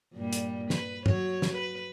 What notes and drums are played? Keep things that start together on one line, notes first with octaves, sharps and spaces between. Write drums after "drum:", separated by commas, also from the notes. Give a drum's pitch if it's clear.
G2 A#2 G3
drum: hi-hat
B4, drum: snare
F#3 C#5, drum: tom
drum: snare
B4